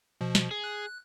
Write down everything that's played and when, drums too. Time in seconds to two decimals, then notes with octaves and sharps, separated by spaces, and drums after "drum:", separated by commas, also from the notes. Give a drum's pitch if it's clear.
0.21 B2 F3
0.35 drum: snare
0.51 G#4
0.64 F#6